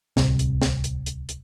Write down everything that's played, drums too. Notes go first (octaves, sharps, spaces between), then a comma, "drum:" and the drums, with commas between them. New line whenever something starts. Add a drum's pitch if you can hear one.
D1 C2 C3, drum: snare
drum: hi-hat
drum: snare
drum: hi-hat
drum: hi-hat
drum: hi-hat